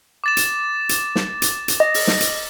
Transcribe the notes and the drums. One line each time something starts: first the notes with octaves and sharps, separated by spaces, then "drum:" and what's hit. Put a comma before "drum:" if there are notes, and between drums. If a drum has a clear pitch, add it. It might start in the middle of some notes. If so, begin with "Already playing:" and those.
D6 A6 E7
drum: hi-hat
drum: hi-hat
drum: snare
drum: hi-hat
drum: hi-hat
D#5
drum: open hi-hat
drum: snare
drum: hi-hat